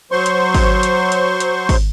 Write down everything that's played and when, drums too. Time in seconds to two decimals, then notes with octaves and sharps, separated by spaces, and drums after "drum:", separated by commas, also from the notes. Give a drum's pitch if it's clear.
0.12 F#3 C5 C6 C#6
0.26 drum: hi-hat
0.54 drum: kick, open hi-hat
0.83 drum: hi-hat
1.12 drum: hi-hat
1.40 drum: hi-hat
1.69 drum: kick, open hi-hat